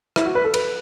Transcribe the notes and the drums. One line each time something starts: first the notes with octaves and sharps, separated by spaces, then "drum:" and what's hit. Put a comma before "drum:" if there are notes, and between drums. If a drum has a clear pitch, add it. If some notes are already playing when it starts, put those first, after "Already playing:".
E4, drum: rim click
F#4
B4
A4
B4, drum: cymbal